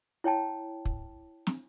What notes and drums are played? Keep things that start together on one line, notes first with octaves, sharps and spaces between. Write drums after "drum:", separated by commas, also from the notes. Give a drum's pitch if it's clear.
E4 C#5 G5 A5
drum: kick
drum: snare